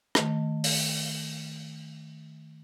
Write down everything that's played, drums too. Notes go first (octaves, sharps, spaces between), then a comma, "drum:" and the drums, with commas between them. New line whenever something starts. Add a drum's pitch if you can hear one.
D#3 A3, drum: rim click
drum: open hi-hat